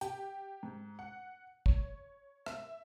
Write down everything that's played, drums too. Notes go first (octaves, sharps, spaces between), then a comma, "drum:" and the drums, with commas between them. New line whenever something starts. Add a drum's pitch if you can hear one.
G4, drum: hi-hat
G#2
F#5
C#5, drum: kick
E5, drum: rim click